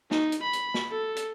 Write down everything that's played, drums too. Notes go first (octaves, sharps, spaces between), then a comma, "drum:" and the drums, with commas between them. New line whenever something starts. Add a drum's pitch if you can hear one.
D#4, drum: snare
drum: hi-hat
B5
drum: hi-hat
drum: snare
A4
drum: hi-hat